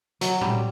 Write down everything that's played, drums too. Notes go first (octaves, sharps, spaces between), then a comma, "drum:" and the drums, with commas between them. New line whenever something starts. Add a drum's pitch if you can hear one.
F#3, drum: hi-hat
G3, drum: tom